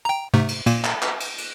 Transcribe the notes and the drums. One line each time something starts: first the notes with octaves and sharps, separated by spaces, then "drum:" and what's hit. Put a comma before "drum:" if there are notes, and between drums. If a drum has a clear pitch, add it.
G5 A#5
G#2 C3 A3
drum: cymbal
A#2 A#3, drum: cymbal
drum: clap
drum: clap
drum: cymbal
drum: cymbal